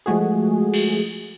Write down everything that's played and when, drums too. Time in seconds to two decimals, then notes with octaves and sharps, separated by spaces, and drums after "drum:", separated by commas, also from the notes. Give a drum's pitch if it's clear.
0.06 F3 G#3 A3 F#4 G#4
0.74 drum: cymbal